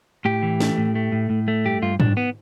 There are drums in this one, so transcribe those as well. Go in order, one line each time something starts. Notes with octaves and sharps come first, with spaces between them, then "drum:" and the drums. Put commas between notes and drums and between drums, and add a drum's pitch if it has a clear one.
A2 G4
E3
A3, drum: snare C#4
A2
A3
A2
A2
A3
G2 G4
G2 F4
G2 D4, drum: tom G#2
B3